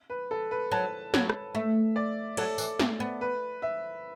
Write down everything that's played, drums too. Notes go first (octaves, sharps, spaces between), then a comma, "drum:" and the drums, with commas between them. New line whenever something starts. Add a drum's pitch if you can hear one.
B4
A4
B4
F#3 A5
F#3, drum: snare
drum: rim click
A3 E5
D5
F#3 A4, drum: cymbal
E3, drum: tambourine
A3, drum: snare
B3
B4
E5